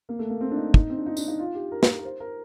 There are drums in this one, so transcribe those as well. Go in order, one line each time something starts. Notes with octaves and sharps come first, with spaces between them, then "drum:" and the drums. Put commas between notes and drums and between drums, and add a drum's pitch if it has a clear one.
A#3
A3
A#3
C4
D4
D#4
D#4, drum: kick
C4
D4
D#4
D4, drum: tambourine
D#4
F4
G4
A#4
drum: snare
A#4
C5
A#4